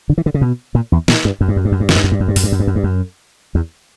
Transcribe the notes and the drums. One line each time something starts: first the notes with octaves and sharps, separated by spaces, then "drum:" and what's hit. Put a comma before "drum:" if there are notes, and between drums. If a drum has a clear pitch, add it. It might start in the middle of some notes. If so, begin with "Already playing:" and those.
D3
E3
D3
C#3
B2
A#2
E2
A#2, drum: snare
G2
F#2
G2
F#2
G2
F#2
G2
F#2, drum: snare
G2
F#2
G2
F#2
G2
F#2, drum: open hi-hat
G2
F#2
G2
F#2
G2
F#2
E2